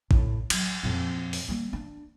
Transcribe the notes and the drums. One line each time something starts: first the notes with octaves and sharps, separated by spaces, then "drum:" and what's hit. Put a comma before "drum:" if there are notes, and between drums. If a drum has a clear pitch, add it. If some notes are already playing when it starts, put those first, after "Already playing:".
A2, drum: kick A1
F#3, drum: cymbal
F2 A#2
drum: open hi-hat
G3 A#3
D4